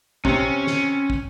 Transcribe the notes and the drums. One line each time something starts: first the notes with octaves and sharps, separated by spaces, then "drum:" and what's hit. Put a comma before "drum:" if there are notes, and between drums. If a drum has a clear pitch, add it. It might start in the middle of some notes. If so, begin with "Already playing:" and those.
C3 C#4, drum: kick
drum: snare
drum: kick